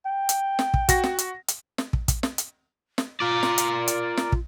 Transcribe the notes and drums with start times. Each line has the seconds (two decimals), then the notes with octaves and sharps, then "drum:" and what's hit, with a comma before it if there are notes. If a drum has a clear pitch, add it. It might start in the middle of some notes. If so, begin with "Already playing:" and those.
0.06 G5
0.29 drum: hi-hat
0.59 drum: snare
0.74 drum: kick
0.89 F#4 A#6, drum: kick, hi-hat
1.04 drum: snare
1.18 drum: hi-hat
1.48 drum: hi-hat
1.78 drum: snare
1.93 drum: kick
2.08 drum: kick, hi-hat
2.23 drum: snare
2.38 drum: hi-hat
2.98 drum: snare
3.20 F4 A#4 D5
3.43 drum: snare
3.58 drum: hi-hat
3.88 drum: hi-hat
4.17 drum: snare
4.32 drum: kick